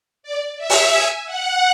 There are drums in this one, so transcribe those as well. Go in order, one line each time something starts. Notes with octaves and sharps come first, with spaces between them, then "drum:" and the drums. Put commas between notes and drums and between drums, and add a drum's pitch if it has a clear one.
D5
E5
drum: open hi-hat
G#5
F#5